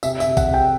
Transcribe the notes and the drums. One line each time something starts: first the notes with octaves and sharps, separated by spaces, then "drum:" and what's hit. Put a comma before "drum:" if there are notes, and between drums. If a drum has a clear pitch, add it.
C3 E5, drum: tambourine
E5, drum: tambourine
C3
F#5, drum: kick A#1, tambourine
C3
G5